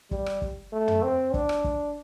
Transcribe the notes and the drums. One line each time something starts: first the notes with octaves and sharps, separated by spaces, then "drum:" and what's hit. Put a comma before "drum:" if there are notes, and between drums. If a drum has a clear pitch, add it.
G3, drum: kick
drum: rim click
drum: kick
A3
drum: tom
C4
D4, drum: kick
drum: rim click
drum: kick